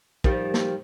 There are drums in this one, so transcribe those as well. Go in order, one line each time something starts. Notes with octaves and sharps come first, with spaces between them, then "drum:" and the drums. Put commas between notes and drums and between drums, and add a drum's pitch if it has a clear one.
D#3 F3 G3, drum: kick
drum: snare